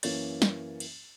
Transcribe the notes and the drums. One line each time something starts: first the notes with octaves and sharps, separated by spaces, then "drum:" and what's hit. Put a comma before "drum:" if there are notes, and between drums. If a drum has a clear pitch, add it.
F#2 E3 A#3 C#4 C#5 A6, drum: cymbal
drum: snare
drum: cymbal